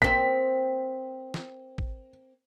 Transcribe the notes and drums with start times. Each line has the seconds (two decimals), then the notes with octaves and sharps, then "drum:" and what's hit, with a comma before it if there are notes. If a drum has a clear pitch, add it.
0.02 A#3 C4 B6, drum: kick A1
1.34 drum: snare
1.78 drum: kick A1